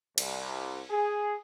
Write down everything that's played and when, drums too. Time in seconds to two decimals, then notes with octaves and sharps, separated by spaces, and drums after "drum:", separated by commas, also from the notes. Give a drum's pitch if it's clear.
0.18 C2, drum: cymbal
0.90 G#4